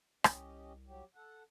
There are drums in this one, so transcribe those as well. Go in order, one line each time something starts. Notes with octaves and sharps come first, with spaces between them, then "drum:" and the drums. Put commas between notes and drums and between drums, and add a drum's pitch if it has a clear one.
C2 C#4 G4 D#5, drum: rim click
F#3 G4
A4 F#5